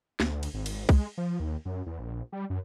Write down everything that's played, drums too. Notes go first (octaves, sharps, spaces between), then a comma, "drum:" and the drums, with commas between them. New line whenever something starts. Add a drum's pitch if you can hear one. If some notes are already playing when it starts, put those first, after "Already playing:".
D2, drum: snare
drum: cymbal
G#1
drum: cymbal
G#3, drum: kick C2, cymbal
F3
D#2
F#2
E2
A#1
G3
F#2